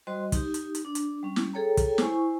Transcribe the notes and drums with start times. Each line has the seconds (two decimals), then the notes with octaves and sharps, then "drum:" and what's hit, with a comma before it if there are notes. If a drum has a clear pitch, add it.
0.07 G3 F#4 C5 D#5 C6
0.32 D#4 G4, drum: kick, hi-hat
0.54 drum: hi-hat
0.75 drum: hi-hat
0.85 D4
0.95 drum: hi-hat
1.23 G3 C#4
1.36 drum: snare
1.53 G#4 A4 C#5 G5 A#5
1.77 drum: kick, hi-hat
1.98 E4 C5 G#5 C#6, drum: snare